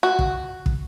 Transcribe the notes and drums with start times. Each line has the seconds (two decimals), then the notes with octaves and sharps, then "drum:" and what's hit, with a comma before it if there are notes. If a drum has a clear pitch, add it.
0.03 F#4
0.19 drum: kick
0.66 drum: kick